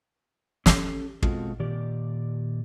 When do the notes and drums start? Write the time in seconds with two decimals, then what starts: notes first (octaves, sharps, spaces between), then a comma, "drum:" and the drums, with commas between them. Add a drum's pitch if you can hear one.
0.66 C#4 G4 A4, drum: snare
1.23 B2 G#3 C4 F4 F#4 A4, drum: kick
1.60 A#2 D#3 G4 D5